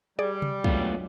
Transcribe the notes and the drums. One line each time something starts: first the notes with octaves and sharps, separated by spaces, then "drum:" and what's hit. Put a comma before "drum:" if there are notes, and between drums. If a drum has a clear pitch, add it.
G3 G#4 D5
drum: tom C3
F#3 G#3 A3 B3 D4 F4, drum: kick